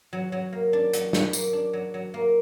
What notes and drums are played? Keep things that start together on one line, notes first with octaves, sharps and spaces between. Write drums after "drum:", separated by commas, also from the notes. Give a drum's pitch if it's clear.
F#3
F#3
A#3
D4
F#3, drum: hi-hat
F#3, drum: snare
A#3, drum: tambourine
D4
F#3
F#3
A#3